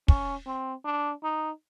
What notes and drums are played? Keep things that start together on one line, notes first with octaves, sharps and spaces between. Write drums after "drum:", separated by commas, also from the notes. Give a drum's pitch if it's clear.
C#4, drum: kick
C4
D4
D#4